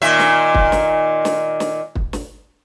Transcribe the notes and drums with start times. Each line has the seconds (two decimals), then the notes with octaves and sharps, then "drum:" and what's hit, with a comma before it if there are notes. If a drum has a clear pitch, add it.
0.02 A#2 D#3 E5
0.19 drum: snare
0.54 drum: kick
0.72 drum: snare
1.25 drum: snare
1.60 drum: snare
1.95 drum: kick
2.13 drum: snare